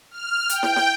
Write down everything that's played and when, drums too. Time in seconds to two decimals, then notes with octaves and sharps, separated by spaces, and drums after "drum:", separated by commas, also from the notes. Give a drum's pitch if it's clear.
0.11 F6
0.49 G5, drum: hi-hat
0.63 drum: snare
0.76 drum: snare